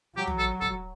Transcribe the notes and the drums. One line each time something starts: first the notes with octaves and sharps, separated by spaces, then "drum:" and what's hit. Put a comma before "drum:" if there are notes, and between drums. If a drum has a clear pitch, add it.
F#3 G4
drum: tom
A4
A4, drum: kick